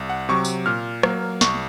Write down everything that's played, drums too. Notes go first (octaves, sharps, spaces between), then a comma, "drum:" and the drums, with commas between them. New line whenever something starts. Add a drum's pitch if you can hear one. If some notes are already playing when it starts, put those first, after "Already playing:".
Already playing: C2
F#5
C3 F#3 C#6
drum: tambourine
A#2 F6
F#3 A#3, drum: rim click
C2 C#6, drum: snare